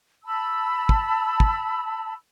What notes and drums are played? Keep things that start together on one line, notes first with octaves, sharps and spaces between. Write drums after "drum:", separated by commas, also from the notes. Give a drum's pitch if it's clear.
A5 B5 E6
drum: kick
drum: kick